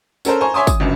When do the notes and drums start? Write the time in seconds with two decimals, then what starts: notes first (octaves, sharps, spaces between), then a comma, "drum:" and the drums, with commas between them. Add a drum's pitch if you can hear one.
0.25 C#4 A4 A#4 C5, drum: tambourine
0.41 C5 G#5 A#5 C#6
0.54 C#5 E5 G#5 C6 D6 D#6
0.67 D#6, drum: kick, tambourine
0.80 G1 C#2 F#2